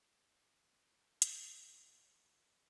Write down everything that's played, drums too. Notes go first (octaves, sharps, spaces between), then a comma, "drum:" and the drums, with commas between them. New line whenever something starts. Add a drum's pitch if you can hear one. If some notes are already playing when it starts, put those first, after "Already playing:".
Already playing: D#2 G#3 B3
C#3
B3
G#3
A3 B4
A4
F#3
A4
C#2
G#4, drum: hi-hat
C#3 A4
A3
F#3
E2
F#3
E2